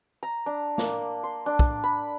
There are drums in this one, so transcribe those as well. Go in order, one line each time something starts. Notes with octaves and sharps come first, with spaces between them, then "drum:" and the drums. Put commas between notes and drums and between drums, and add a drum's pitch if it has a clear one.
A#5
D4
A#3, drum: snare
C6
D4
drum: kick
B5